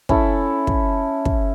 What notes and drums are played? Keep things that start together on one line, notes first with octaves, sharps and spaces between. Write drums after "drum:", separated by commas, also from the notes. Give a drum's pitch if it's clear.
C#4 E4 A4 A5, drum: kick
drum: kick
drum: kick